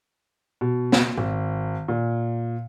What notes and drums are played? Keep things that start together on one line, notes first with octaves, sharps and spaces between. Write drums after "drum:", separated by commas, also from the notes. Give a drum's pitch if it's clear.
B2
drum: snare
G#1
A#2